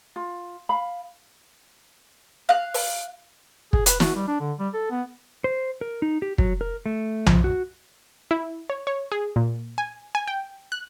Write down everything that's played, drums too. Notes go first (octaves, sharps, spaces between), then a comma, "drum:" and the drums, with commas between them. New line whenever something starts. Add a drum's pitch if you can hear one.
F4
F5 B5
F5 F#6
drum: open hi-hat
G#4, drum: kick
B4, drum: hi-hat
F#4, drum: snare
G3
D4
D3
G3
A4
B3
C5
A#4
D#4
G4
F#3, drum: kick
A#4
A3
F3, drum: tom B1
F#4
E4
C#5
C#5
G#4
A#2
G#5
G#5
G5
F#6